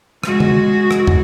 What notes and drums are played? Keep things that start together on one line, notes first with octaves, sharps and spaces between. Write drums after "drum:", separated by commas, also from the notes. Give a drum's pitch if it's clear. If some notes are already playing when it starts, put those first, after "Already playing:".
G#3 F#4, drum: rim click
drum: tom
drum: rim click
drum: tom